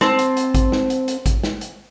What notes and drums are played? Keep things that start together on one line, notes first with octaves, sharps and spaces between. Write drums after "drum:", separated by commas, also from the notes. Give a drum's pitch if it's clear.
C4 A5, drum: snare
drum: hi-hat
drum: hi-hat
drum: kick A1, hi-hat
drum: snare
drum: hi-hat
drum: hi-hat
drum: kick A1, hi-hat
drum: snare
drum: hi-hat